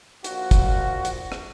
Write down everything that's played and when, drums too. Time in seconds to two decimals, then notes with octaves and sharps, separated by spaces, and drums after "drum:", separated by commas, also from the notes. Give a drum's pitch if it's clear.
0.24 A#1 F4 F#4, drum: hi-hat
0.51 drum: kick, hi-hat
1.05 drum: hi-hat
1.32 drum: rim click